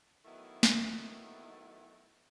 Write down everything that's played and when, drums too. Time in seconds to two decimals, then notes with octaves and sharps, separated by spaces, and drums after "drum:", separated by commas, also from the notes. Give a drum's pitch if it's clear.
0.25 D#3 F#3 A3 B3 D#4 E4
0.63 drum: snare